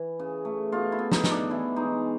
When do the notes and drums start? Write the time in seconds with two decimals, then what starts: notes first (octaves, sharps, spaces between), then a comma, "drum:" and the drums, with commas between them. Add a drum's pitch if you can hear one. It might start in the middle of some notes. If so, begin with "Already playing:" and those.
Already playing: E3
0.19 C#3
0.45 A3
0.72 B2 F4
0.92 E4
0.99 B2
1.12 D#4, drum: snare
1.24 B2, drum: snare
1.31 D4
1.51 E3 E4
1.76 G#3 D#4